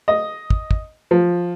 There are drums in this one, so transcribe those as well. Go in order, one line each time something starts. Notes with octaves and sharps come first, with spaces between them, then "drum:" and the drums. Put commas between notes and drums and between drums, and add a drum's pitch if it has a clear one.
D#5
drum: kick
drum: kick
F3